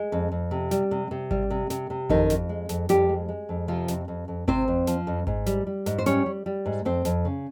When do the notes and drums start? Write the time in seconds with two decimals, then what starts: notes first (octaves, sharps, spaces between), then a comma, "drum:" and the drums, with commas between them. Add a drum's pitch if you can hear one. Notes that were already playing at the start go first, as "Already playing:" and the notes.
Already playing: G#3
0.12 F2
0.32 F2
0.51 C3
0.71 G3, drum: snare
0.91 C3
1.11 C3
1.31 G3, drum: kick G#1
1.50 C3
1.70 C3, drum: snare
1.90 C3
2.09 F2 D#3 D#4, drum: kick G#1
2.30 F2, drum: snare
2.49 G#3
2.69 F2, drum: snare
2.89 F2 G3 G4, drum: snare
3.09 G#3
3.29 G#3
3.49 F2
3.68 C3 F3 F4
3.88 F2, drum: snare
4.08 F2
4.28 F2
4.48 C3 C4 C5, drum: kick G#1
4.68 F2
4.87 F3, drum: snare
5.07 F2
5.27 G#2, drum: kick G#1
5.46 G3, drum: snare
5.67 G3
5.86 G#2, drum: snare
5.98 C5
6.06 G3 C#4 C#5, drum: snare
6.26 G3
6.46 G3
6.66 G#2
6.85 F2 C4 C5
7.05 F2, drum: snare
7.25 C#3